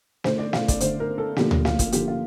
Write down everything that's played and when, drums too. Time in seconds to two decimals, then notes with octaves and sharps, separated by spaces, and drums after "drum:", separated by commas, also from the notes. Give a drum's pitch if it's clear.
0.24 D3 A3 C5, drum: snare
0.38 D5
0.53 F5, drum: snare
0.68 D5, drum: kick, hi-hat
0.80 D3 A3 C5, drum: hi-hat
1.00 A#4
1.18 A4
1.36 D3 F3 A#3 G4, drum: snare
1.51 drum: tom D2
1.65 F4, drum: snare
1.79 drum: kick, hi-hat
1.92 D3 F3 A#3 G4, drum: hi-hat
2.08 F4